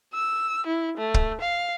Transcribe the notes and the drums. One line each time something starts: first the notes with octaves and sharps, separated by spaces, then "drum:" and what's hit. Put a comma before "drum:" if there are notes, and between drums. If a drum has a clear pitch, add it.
E6
E4
A3
drum: kick
F5